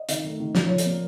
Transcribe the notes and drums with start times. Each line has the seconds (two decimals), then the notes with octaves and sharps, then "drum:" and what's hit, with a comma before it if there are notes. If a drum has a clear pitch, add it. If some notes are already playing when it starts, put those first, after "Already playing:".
Already playing: D#5
0.09 D#3, drum: hi-hat
0.24 A3
0.40 D#3
0.55 F3 D5, drum: snare
0.66 F3 C#5
0.78 D5, drum: hi-hat
0.86 A#3